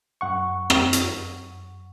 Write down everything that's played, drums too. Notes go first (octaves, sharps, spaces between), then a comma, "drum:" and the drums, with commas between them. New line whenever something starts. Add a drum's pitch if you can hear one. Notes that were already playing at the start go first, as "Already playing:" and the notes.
F#2 F#5 C#6
C4, drum: rim click
drum: hi-hat